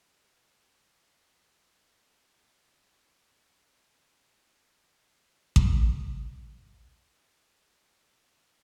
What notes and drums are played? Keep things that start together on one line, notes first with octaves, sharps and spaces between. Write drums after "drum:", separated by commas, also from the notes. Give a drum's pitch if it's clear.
F3
A2
G2
D3
A#6
D#6
G#5
B2
F5
D3
B2
D#5
drum: kick A1
A#4 F5
F#1 F2 G#2
C#4
B1 E3
G#4 C5